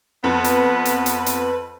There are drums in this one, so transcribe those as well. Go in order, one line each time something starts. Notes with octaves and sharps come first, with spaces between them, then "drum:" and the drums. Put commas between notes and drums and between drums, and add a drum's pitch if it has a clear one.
F2 B3 B4
drum: hi-hat
drum: hi-hat
drum: hi-hat
drum: hi-hat